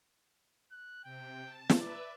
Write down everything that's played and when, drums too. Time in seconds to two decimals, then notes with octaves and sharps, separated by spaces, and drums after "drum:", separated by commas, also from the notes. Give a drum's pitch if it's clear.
0.71 F#6
1.04 C3 G5
1.44 A5
1.70 drum: snare
1.80 B4 D5 E5